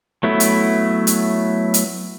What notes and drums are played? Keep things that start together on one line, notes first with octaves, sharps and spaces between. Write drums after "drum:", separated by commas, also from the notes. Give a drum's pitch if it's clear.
F#3 A3 B3 E4
drum: hi-hat
drum: hi-hat
drum: hi-hat